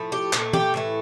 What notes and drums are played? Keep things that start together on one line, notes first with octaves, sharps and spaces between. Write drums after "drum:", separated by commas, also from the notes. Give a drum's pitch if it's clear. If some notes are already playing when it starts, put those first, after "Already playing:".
Already playing: A2 F3 A3
G4
A#2 A3, drum: clap
G4, drum: tom
A2 E3 A3